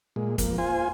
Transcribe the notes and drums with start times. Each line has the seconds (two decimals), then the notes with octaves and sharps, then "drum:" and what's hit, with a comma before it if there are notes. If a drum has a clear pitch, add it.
0.16 A#2 G#3
0.38 F2 A#3, drum: kick, hi-hat
0.58 F4 C5 G#5